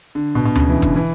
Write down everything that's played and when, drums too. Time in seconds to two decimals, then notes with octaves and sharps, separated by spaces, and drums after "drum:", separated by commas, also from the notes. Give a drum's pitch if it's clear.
0.15 D3
0.35 B2
0.45 B2
0.55 C#3, drum: tom D2
0.69 E3
0.82 D3, drum: kick, hi-hat
0.96 E3